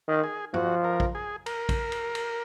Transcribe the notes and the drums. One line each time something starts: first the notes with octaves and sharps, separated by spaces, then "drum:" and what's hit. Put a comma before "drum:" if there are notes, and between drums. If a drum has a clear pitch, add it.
D#3
G#4
F3 F#4, drum: tom G2
A#4
drum: kick
G#4
A#4, drum: cymbal
drum: kick, cymbal
drum: cymbal
drum: cymbal